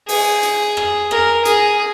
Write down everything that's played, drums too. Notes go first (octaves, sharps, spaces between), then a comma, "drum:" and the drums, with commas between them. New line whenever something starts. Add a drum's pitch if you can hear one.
G#4, drum: open hi-hat
drum: hi-hat
drum: rim click
A#4, drum: rim click
G#4, drum: hi-hat